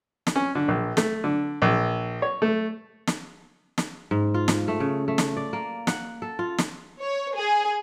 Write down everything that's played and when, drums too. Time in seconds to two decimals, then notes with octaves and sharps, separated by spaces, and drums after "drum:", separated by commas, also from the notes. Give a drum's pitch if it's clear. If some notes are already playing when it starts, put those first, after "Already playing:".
0.27 drum: snare
0.36 C#4
0.55 D3
0.68 A#1
0.97 A3, drum: snare
1.24 D3
1.62 A#1
2.22 C#5
2.42 A3
3.07 drum: snare
3.78 drum: snare
4.11 G#2
4.34 F4
4.48 drum: snare
4.68 A3
4.80 C#3
5.08 A3
5.18 drum: snare
5.37 D5
5.53 A#3
5.87 F#5, drum: snare
6.22 A4
6.39 F4
6.58 drum: snare
7.00 C#5
7.35 G#4